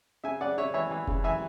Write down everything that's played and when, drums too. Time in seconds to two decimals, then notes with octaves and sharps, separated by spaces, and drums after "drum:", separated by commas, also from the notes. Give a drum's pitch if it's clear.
0.24 C#3 E5 G#5
0.40 C#3 D5 F#5
0.58 C#3 C#5 E5
0.74 E3 C#5 E5
0.91 E3
1.07 C#3, drum: kick F1
1.24 E3 E5 G#5